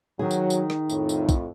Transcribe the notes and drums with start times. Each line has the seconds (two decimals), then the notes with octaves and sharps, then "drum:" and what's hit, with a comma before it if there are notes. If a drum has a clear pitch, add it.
0.19 D#3 F#3 G#4
0.31 drum: tambourine
0.50 drum: tambourine
0.70 drum: rim click
0.89 F2 A2, drum: tambourine
1.09 drum: tambourine
1.29 drum: kick, tambourine